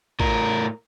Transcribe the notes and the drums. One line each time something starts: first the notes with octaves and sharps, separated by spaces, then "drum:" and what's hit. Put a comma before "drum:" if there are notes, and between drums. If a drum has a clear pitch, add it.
A2 A#4, drum: kick